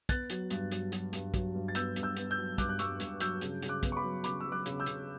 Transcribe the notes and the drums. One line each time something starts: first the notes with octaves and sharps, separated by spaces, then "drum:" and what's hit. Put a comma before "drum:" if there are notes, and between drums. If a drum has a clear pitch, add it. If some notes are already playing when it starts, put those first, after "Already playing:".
B3 F#6 A6, drum: kick, hi-hat
F#3, drum: hi-hat
G2, drum: hi-hat
F#3, drum: hi-hat
F#3, drum: hi-hat
G2, drum: hi-hat
F#3, drum: kick, hi-hat
G2
A6
B3 E6 G6, drum: hi-hat
G2, drum: hi-hat
E6 G6
B3, drum: hi-hat
E6 G6
F#3
G2 D6 F#6, drum: kick, hi-hat
F#6
G2 C#6 E6, drum: hi-hat
G2, drum: hi-hat
F#3 E6 G6, drum: hi-hat
C#3, drum: hi-hat
C#3, drum: hi-hat
D6 F#6
B3, drum: kick, hi-hat
C#6
B5 D6
F#3
C#3 B5 D6, drum: hi-hat
F#3 E6
D6 F#6
C#3, drum: hi-hat
E6 G6
C#3, drum: hi-hat